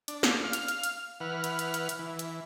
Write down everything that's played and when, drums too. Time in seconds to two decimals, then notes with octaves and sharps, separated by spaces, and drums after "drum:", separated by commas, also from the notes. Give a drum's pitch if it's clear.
0.08 D4, drum: hi-hat
0.23 drum: snare
0.44 F5 F6
0.53 drum: hi-hat
0.68 drum: hi-hat
0.83 drum: hi-hat
1.20 E3 B4 F#5 F6
1.44 drum: hi-hat
1.59 drum: hi-hat
1.74 drum: hi-hat
1.89 drum: hi-hat
1.99 E3
2.19 drum: hi-hat